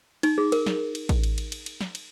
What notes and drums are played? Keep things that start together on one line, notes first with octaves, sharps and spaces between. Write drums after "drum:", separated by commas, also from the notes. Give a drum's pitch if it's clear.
D#4, drum: cymbal
G#4
A#4, drum: cymbal
drum: snare
drum: cymbal
drum: kick A1, cymbal
drum: cymbal
drum: cymbal
drum: cymbal
drum: cymbal
drum: snare
drum: cymbal